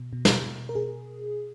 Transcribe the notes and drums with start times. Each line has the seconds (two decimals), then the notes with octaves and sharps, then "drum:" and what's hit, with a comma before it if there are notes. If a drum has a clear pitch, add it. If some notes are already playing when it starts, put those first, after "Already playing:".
Already playing: B2
0.13 B2
0.25 drum: snare
0.44 B2
0.69 A#4
0.75 B2 G#4